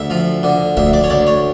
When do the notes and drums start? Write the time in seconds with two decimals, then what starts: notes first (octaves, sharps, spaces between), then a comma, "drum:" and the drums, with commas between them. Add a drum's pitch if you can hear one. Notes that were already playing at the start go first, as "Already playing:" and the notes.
Already playing: D2 E5
0.10 F3
0.43 D3
0.77 D2 E5, drum: kick
0.93 D5
1.04 C#5
1.10 D2 D5
1.27 C#5